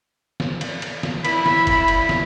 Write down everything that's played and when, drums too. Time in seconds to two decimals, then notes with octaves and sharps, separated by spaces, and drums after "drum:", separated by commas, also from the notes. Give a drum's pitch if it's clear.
0.40 drum: snare
0.61 drum: cymbal
0.82 drum: cymbal
1.03 drum: snare
1.25 E4 B5, drum: cymbal
1.46 drum: snare
1.67 drum: kick, cymbal
1.88 drum: cymbal
2.09 drum: snare